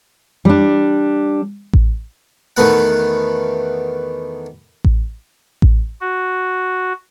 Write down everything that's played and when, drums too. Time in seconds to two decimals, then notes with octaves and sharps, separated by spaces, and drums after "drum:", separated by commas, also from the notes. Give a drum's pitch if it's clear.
0.45 G3 D4
1.73 drum: kick A1
2.57 E2 D#3 A3 B3 F#5
4.84 drum: kick A1
5.62 drum: kick A1
6.01 F#4